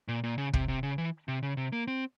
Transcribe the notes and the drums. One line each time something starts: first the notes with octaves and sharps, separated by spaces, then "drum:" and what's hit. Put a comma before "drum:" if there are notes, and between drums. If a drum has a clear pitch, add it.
A#2
A#2
C#3
C3, drum: kick
C3
C#3
E3
C3
C#3
C3
A#3
C4